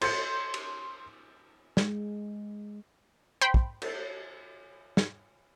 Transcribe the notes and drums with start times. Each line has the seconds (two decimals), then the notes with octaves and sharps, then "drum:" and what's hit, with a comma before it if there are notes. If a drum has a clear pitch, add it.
0.01 C6 G6 C#7, drum: cymbal
0.54 drum: cymbal
1.77 G#3, drum: snare
3.41 C5 G5 B5 C6
3.54 drum: kick
3.82 drum: cymbal
4.97 drum: snare